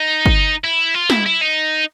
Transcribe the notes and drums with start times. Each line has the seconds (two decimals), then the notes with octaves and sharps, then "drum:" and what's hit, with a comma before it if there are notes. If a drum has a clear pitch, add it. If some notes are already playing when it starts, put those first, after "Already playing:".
Already playing: D#4
0.26 drum: kick
0.64 E4
0.95 F4
1.10 E4, drum: snare
1.26 E4
1.42 D#4